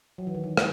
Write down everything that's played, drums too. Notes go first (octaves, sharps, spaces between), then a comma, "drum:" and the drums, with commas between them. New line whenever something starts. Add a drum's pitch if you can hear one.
F#3
E3
D#3
E3
drum: rim click